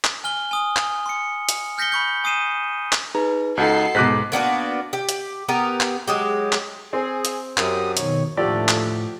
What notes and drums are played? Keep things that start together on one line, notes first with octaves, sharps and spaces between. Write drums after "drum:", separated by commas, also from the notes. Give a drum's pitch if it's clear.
drum: clap
G#5 F6 G7
G#5 D#6 G7
drum: clap
C6 C#7
drum: hi-hat
F6 G6 A#6 B6 C#7 G7
B5 C#6 G6
G#5 D#6 C7 D#7 E7
drum: clap
D#4 G#4 B4 A#5
C#2 D#4 F#4 A4 D#5 F#5 C7
B1 G#2 D6 F#6 B6
A#3 B3 D4 F#4
G4
drum: hi-hat
B3 G4 A#4
drum: clap
F#3 G#3 G4
drum: clap
C4 G#4
drum: hi-hat
F#2 G4 D#6, drum: clap
B2 D#3 C#5, drum: hi-hat
D#2 A2 D3 F3 A3 G4 D5
drum: clap